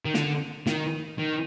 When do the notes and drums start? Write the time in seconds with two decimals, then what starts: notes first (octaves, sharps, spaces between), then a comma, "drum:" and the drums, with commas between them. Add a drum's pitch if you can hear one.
0.05 D#3
0.14 D3, drum: snare
0.66 D#3, drum: snare
1.19 D#3